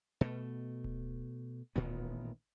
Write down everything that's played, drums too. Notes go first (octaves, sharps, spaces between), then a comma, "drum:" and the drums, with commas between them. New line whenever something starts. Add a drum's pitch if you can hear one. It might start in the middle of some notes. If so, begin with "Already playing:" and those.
B2 A3
drum: kick D1
A1 A#2 D#3 B3, drum: kick D1